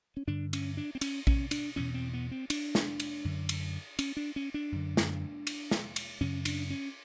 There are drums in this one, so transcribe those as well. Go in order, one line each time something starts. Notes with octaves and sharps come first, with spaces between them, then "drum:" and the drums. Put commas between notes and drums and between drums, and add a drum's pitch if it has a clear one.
C#4
G2 D3 D4
C#4, drum: cymbal
D4
C4
C#4, drum: cymbal
C#4, drum: kick A#1
D4, drum: cymbal
E2 B2 C#4
C4
B3
C4
D4, drum: cymbal
drum: snare
drum: cymbal
F#2 D3
drum: cymbal
C#4, drum: cymbal
D4
C#4
D4
F#2 D3
drum: snare
drum: cymbal
drum: snare
drum: cymbal
F#2 C#3 C#4
D4, drum: cymbal
C#4